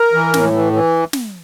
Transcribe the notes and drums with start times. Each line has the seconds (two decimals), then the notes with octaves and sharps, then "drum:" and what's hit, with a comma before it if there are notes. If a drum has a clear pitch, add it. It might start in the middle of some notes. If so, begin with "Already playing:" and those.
Already playing: A#4
0.13 E3
0.34 A2, drum: snare
0.53 E3
0.73 E3
1.13 drum: snare